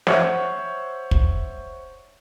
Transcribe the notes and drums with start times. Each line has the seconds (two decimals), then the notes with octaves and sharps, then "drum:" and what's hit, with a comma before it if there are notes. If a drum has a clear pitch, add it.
0.07 C5 C#5 E5 F#5 C#6, drum: snare
1.11 drum: kick